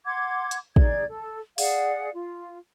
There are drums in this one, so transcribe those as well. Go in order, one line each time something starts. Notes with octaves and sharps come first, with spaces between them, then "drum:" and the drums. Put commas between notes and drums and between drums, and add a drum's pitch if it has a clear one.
F#5 C6 D6 G#6
drum: hi-hat
D#4 G#4 D5 G#6, drum: kick
A4
G#4 D5 F5 F#5, drum: open hi-hat
F4